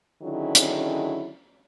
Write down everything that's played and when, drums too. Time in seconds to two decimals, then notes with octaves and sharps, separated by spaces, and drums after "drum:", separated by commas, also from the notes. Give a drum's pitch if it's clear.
0.23 D3 D#3 F#3 C#4 E4 G#4
0.55 drum: hi-hat